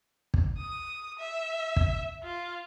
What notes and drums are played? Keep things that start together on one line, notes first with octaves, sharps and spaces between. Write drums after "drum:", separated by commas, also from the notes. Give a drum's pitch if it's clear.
drum: kick
D#6
E5
drum: kick
F4